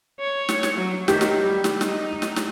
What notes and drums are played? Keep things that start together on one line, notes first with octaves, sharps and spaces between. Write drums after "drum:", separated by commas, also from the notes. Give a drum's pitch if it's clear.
C#5
drum: snare
drum: snare
F#3
D#3 G4, drum: snare
drum: snare
G3
drum: snare
D#4, drum: snare
drum: snare
drum: snare